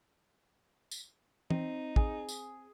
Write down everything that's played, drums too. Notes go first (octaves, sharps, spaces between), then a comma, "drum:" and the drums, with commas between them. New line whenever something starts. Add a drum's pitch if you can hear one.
drum: tambourine
C4 D#4, drum: tom
G#4, drum: kick
drum: tambourine